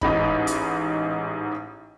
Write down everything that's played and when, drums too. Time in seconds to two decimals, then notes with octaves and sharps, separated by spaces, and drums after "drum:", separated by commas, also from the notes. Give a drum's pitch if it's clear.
0.01 A1 G#2 D#4 B5, drum: kick
0.47 drum: hi-hat